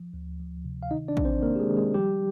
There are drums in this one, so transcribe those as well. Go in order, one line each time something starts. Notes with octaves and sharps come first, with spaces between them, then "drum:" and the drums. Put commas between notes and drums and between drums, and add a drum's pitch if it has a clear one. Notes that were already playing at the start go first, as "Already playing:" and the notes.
Already playing: F3
D2
F3
C3
F5
D#3 D#4 D#5
D4 D5
D#3, drum: kick
C4 C5
A#3 C4 A#4
G4
G#3 G#4
D#3
G#3 G#4
F3 G3 G4